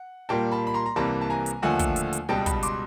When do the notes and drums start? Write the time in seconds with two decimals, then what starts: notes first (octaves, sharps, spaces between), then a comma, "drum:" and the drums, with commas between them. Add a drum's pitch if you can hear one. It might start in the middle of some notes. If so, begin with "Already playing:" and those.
Already playing: F#5
0.29 A#2 G3 A#3 G5 A5
0.51 A5 B5
0.67 B5
0.74 A#5 C6
0.86 A#5
0.96 C2 C3 E3 G3 A#3 A5 B5
1.21 A5
1.30 G#5 A#5
1.46 drum: hi-hat
1.62 D#2 D3 F3 A3 F#5 G#5
1.79 drum: kick, hi-hat
1.96 drum: hi-hat
2.13 drum: hi-hat
2.29 C#2 B2 G3 G5 A5
2.46 A5 B5, drum: kick, hi-hat
2.63 C6 D6, drum: hi-hat